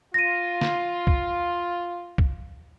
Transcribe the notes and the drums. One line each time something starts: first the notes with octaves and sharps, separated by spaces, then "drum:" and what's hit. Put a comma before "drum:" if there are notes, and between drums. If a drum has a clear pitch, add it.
F4 A#6 D#7
drum: snare
drum: kick C2
drum: kick C2